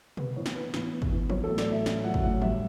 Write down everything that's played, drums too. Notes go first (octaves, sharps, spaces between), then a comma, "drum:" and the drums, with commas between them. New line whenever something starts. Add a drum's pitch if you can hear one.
B3 B4, drum: tom B2
E3 C#5
drum: snare
B3 B4
E3, drum: snare
B3
drum: kick
E3
F#3 C#5, drum: tom
A2 A4
D5, drum: snare
A2 E5
C#4 E5, drum: snare
F#3 F#5
drum: kick
A2 F#5
G3 E5, drum: tom D#3